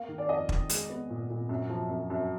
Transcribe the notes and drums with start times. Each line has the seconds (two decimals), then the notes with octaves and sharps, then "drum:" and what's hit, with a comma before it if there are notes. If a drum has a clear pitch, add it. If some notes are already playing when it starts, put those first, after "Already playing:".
Already playing: A#3 F5
0.08 D#3
0.18 D5
0.29 F2 D#5
0.49 D#3, drum: kick
0.69 G#3, drum: hi-hat
0.90 B3
1.10 A#2
1.30 A#2
1.49 F#2
1.70 F3
1.90 F#2
2.10 F#2